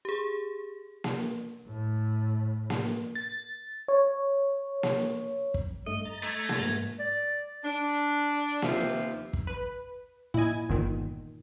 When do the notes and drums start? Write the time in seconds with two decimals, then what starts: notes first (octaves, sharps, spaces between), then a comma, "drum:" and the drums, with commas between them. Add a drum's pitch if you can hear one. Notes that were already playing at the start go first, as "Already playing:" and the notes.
0.05 G4 G#4
1.04 drum: snare A#3
1.68 A2
2.70 drum: snare A#3
3.15 A6
3.88 C#5
4.83 drum: snare A#3
5.54 drum: kick
5.86 G2 A3 D#5
6.05 A#5 A6
6.23 A3 G#6
6.49 drum: snare A#3
6.59 G#2
6.99 D5
7.64 D4
8.62 D#2 C3 F3 B3 F4, drum: snare A#3
9.33 drum: kick
9.47 B4
10.34 A#2 E4 D#5 G#5
10.69 G1 E2 A#2 D#3